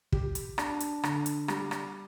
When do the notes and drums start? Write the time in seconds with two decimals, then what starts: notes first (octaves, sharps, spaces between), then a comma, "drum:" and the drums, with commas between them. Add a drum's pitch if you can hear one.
0.12 G4, drum: kick
0.35 drum: hi-hat
0.58 D4, drum: rim click
0.80 drum: hi-hat
1.03 D3, drum: rim click
1.26 drum: hi-hat
1.48 G3, drum: rim click
1.71 drum: rim click